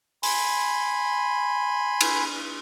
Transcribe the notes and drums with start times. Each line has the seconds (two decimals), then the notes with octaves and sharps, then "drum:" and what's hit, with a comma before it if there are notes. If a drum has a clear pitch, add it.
0.23 G#5 B5 C6, drum: open hi-hat
2.01 drum: cymbal